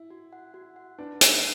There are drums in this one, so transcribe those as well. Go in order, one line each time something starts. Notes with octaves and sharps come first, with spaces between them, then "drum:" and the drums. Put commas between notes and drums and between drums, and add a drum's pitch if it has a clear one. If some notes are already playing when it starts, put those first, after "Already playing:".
Already playing: E4
F#4
F#5
F#4
F#5
D4 B4
F#5, drum: hi-hat